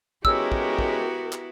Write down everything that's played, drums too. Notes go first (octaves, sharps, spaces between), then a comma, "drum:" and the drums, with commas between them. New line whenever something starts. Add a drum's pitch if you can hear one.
G#3 B3 C#4 E4 F#4 G4 A#4 E6, drum: kick
drum: kick
drum: kick
drum: clap